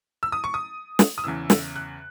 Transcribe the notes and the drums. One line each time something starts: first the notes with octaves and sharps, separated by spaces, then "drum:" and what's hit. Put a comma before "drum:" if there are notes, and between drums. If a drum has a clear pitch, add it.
E6
D#6
C#6
D#6
drum: snare
D#6
E2 C#3 E3 E6
drum: snare
F#6